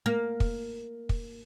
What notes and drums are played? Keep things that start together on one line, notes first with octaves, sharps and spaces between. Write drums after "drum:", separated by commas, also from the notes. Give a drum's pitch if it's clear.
A#3
drum: kick
drum: kick